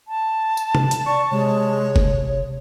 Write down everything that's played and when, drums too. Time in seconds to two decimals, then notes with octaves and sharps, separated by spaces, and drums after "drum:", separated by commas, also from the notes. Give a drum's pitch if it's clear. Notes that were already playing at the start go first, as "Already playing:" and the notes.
0.08 A5
0.57 drum: tambourine
0.75 drum: tom C3
0.91 drum: hi-hat
1.06 D5 C#6
1.31 C3 G#3 C#5
1.96 drum: kick F#1